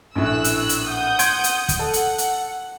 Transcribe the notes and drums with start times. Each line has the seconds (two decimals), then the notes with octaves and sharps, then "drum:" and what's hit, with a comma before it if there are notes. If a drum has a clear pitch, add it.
0.15 A#1 A2 E6 F#6
0.44 drum: hi-hat
0.69 drum: hi-hat
0.87 F#5 D#6 G6
1.19 C6 G#6 D7, drum: hi-hat
1.44 drum: hi-hat
1.69 drum: kick, hi-hat
1.79 A4 F#5
1.93 drum: hi-hat
2.18 drum: hi-hat